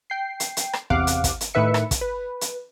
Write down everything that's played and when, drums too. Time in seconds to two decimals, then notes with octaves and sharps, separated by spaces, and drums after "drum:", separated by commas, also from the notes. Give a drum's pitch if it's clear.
0.10 G5 C7
0.40 drum: hi-hat
0.57 drum: hi-hat
0.73 drum: rim click
0.90 E2 C3 F5 F#5 D6, drum: kick
1.07 drum: hi-hat
1.24 drum: kick, hi-hat
1.41 drum: hi-hat
1.54 A2 D#3 B4 E5 C#7
1.74 drum: rim click
1.91 drum: kick, hi-hat
2.01 B4
2.41 drum: hi-hat